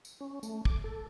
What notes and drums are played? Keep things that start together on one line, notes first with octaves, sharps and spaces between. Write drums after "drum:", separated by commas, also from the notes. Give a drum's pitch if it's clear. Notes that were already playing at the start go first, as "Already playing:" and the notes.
drum: tambourine
C#4
A3, drum: tambourine
D6, drum: kick
A4